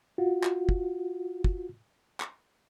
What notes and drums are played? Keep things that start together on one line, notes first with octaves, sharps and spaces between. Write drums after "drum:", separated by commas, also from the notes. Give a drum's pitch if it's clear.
F4 F#4
drum: clap
drum: kick
drum: kick
drum: clap